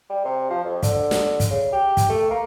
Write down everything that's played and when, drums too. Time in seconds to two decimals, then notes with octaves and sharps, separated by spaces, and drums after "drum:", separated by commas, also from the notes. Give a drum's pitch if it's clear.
0.10 G3
0.25 C3
0.50 F3
0.65 F2
0.83 D3, drum: kick, hi-hat
1.11 drum: snare
1.40 drum: kick, hi-hat
1.50 C#3
1.73 G4
1.97 drum: kick, hi-hat
2.10 A3
2.31 A#3